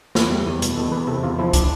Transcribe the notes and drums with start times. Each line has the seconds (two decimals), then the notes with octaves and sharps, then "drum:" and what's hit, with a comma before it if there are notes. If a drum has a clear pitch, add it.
0.15 E2 E4, drum: snare
0.31 G3
0.46 E2
0.62 B2, drum: hi-hat
0.76 E2 A4
0.92 E2 B4
1.07 C3 A4
1.23 E2 F4
1.39 F3 E4
1.53 D4, drum: kick, hi-hat